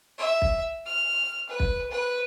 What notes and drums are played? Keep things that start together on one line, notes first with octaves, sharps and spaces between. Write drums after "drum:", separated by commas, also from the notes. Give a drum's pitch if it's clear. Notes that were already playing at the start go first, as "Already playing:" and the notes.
E5
drum: kick
F6
B4
drum: kick
B4